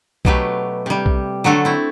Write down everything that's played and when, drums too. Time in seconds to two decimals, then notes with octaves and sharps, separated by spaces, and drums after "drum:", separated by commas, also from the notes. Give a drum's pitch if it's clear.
0.25 B2 F#3 A3 G4 B4, drum: kick B1
0.86 C3 G3
1.06 drum: kick B1
1.44 D3 F#3 A3 F#4 A4
1.65 C4 E4